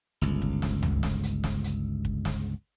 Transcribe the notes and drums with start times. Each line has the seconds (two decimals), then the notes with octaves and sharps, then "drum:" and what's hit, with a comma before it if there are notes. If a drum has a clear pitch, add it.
0.21 G1 C#2
0.42 drum: kick
0.62 drum: snare
0.83 drum: tom C#2
1.03 drum: snare
1.23 drum: hi-hat
1.44 drum: snare
1.64 drum: hi-hat
2.05 drum: kick
2.25 drum: snare